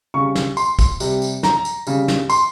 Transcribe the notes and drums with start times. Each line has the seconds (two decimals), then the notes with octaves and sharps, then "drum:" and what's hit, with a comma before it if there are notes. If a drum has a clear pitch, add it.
0.14 C#3 G3 C#6
0.35 drum: snare
0.57 C6, drum: tambourine
0.79 drum: kick, tambourine
1.00 C3 G3, drum: tambourine
1.22 drum: tambourine
1.43 A#5, drum: snare
1.65 drum: tambourine
1.87 C#3 G3, drum: tambourine
2.08 drum: snare
2.30 C6, drum: tambourine